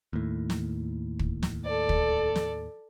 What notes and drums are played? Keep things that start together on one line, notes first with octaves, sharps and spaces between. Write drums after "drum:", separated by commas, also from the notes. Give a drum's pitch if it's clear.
D#2 A2
drum: snare
drum: kick
drum: snare
A4 D5
drum: kick
drum: snare